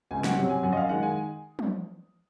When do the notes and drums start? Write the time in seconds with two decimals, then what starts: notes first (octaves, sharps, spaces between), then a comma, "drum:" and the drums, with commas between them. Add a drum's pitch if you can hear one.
0.11 C#2 G#5
0.24 F#5, drum: snare
0.37 C3 F#3 F#5
0.49 G#5
0.63 F#2 F#5
0.73 D#5
0.77 F5
0.89 D#3 G#3 F#5
1.03 G#5
1.59 drum: tom